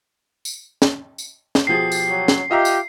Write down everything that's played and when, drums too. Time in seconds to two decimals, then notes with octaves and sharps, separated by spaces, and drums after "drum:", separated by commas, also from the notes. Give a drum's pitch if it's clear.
0.45 drum: tambourine
0.82 drum: snare
1.18 drum: tambourine
1.55 drum: snare
1.67 B2 F3 G4 G#4 C7
1.92 drum: tambourine
2.10 F#3
2.28 drum: snare
2.51 F4 G4 D#5 E5 A#5
2.65 drum: tambourine